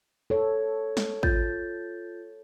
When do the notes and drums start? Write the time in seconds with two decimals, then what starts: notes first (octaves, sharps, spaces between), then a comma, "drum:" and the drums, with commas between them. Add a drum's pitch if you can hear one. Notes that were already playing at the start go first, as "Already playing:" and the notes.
0.30 A4 C#5
0.97 drum: snare
1.23 F4 G6 A6, drum: kick A1